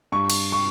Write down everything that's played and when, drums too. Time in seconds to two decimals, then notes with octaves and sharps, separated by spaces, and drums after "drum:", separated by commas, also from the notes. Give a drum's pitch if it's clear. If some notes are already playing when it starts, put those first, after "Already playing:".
0.12 G2 C#6
0.30 drum: cymbal
0.52 C#6